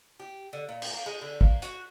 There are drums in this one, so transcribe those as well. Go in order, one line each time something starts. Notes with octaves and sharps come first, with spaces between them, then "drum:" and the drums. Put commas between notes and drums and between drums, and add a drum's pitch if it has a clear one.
G4
D3
A#2
drum: cymbal
A#3
G#3
D3
A#3, drum: kick
F#4, drum: hi-hat